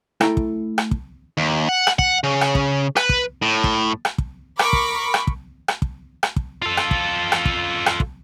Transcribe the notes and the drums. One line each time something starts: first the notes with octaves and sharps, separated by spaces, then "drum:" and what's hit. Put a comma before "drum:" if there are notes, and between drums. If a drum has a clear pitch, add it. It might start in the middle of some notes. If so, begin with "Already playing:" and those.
A3 E4 A4 G5 A#5, drum: rim click
drum: kick
drum: rim click
drum: kick
D#2
F#5
drum: rim click
F#5, drum: kick
C#3
drum: rim click
drum: kick
B4, drum: rim click
drum: kick
A2
drum: kick
drum: rim click
drum: kick
A#4 B5 C#6 D6, drum: rim click
drum: kick
drum: rim click
drum: kick
drum: rim click
drum: kick
drum: rim click
drum: kick
F4 A4
drum: rim click
drum: kick
drum: rim click
drum: kick
drum: rim click
drum: kick